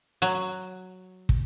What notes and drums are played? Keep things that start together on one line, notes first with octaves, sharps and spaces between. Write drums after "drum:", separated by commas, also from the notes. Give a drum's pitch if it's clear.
F#3
drum: kick